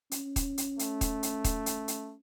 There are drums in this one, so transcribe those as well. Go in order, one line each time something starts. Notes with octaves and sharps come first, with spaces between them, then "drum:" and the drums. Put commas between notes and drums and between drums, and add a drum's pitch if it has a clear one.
C#4, drum: hi-hat
drum: kick D#1, hi-hat
drum: hi-hat
A3, drum: hi-hat
drum: kick D#1, hi-hat
drum: hi-hat
drum: kick D#1, hi-hat
drum: hi-hat
drum: hi-hat